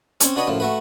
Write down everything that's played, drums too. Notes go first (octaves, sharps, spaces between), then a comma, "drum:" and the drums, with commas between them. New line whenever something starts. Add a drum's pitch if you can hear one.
C4 C#4 C#5, drum: hi-hat
D4 F#4 B4 C#5 D#5
F#2 A2 F3
A3 F#4 B4